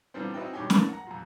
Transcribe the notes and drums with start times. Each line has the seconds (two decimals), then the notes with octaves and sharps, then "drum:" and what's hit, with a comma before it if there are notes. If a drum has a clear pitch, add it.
0.14 A#2 D3 E3 G3 B3 C4
0.34 C4 D#4 E4 F#4 B4 G5
0.53 G2 B2 D#3 G4 C#5 G#5
0.70 A#4 B4 A5, drum: snare
0.89 F#5 A#5
1.07 F2 A#2